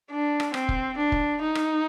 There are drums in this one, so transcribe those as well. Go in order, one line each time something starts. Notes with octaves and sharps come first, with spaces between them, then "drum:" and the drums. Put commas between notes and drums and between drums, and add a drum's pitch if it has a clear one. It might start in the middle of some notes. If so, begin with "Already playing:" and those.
D4
drum: rim click
C4, drum: rim click
drum: kick F1
D4
drum: kick F1
D#4
drum: rim click